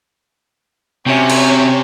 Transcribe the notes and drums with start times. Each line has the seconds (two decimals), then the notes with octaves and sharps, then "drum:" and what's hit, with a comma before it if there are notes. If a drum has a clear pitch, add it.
1.06 C3 C4 C#4 F#4 C#5 E5
1.30 drum: cymbal